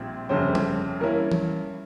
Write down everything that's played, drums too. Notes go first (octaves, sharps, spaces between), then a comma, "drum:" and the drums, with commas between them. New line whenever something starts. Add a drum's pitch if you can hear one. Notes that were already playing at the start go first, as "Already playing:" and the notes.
Already playing: A#1 A#2 G3 C4
G1 F2 C#3 G3 C#4 C5
drum: tom G3
G2 E3 A#3 C#4 E4 A#4
drum: tom E3